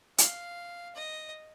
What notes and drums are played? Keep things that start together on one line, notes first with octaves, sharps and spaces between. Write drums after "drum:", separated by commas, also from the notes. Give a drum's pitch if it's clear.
F5, drum: hi-hat
D#5